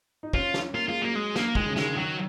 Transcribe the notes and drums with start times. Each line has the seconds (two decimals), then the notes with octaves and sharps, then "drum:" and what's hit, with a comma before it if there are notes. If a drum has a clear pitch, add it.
0.23 D#4
0.33 C#4 F4, drum: kick
0.54 drum: snare
0.74 A#3 F4
0.88 G#3 F4
1.01 F#3 A#3
1.15 G#3
1.36 A#3, drum: snare
1.55 D#3 G#3, drum: kick
1.66 C#3
1.76 D#3 G#3, drum: snare
1.86 C#3
1.97 D#3 F#3